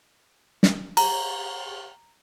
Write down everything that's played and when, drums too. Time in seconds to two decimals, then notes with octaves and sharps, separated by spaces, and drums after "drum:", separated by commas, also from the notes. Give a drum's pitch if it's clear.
0.63 drum: snare
0.97 A#5, drum: cymbal